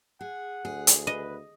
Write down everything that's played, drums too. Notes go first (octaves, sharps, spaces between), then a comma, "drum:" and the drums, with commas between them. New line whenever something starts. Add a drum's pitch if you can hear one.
G#4 F#5
D2 G#4
drum: hi-hat
B4 D#5